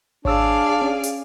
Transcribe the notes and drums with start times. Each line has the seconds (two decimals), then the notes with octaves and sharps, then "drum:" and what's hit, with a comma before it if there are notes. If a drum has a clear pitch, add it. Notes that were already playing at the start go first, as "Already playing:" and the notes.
0.25 D4 G#4 C#5 D5 F5 E6, drum: kick G#1
0.82 C#4
1.03 drum: hi-hat